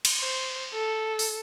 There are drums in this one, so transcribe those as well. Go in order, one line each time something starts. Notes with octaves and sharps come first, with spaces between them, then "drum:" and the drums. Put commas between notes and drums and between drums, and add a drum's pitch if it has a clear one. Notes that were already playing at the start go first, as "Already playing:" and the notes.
drum: cymbal
C5
A4
drum: open hi-hat